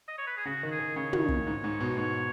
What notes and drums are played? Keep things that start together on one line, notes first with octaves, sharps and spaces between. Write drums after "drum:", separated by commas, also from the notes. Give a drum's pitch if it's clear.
D#5
C#5
B4
G#4
C#3 F#4
D#3 F#4
G#4
D#3
C#3 C#5
D#3, drum: tom
drum: kick
G#2
G#2
B2
G#2 C#5